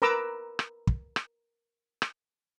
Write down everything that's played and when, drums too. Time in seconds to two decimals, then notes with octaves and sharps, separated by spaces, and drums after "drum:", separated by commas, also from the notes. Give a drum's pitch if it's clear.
0.02 A#4 B4 A#5 D6 E6
0.59 drum: rim click
0.87 drum: kick
1.16 drum: rim click
2.02 drum: rim click